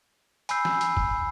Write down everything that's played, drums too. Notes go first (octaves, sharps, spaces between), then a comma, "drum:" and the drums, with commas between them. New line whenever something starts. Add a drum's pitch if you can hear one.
G#5 B5 E6 G6 C7, drum: hi-hat
drum: snare
drum: hi-hat
drum: kick